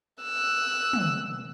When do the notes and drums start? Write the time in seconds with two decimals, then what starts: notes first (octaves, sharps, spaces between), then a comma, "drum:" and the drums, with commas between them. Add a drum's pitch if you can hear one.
0.23 E6 F#6
0.93 drum: tom